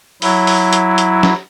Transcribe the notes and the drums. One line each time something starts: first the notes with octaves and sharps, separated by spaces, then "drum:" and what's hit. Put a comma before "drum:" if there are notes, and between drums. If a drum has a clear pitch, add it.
F#3 E4, drum: open hi-hat
drum: open hi-hat
drum: hi-hat
drum: hi-hat
drum: snare